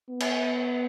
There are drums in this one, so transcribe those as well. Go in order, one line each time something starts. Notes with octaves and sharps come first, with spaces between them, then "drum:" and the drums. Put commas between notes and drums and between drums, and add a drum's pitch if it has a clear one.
B3
drum: cymbal